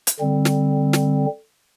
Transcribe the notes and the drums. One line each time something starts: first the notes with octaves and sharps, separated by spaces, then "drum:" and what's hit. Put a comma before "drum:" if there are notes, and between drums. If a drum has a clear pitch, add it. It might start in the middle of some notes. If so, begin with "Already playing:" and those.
drum: hi-hat
D3 G3 C4
drum: snare
drum: snare